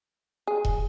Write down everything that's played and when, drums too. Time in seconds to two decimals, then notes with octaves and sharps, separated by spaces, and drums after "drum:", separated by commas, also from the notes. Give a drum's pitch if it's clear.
0.47 G#4
0.65 drum: kick E1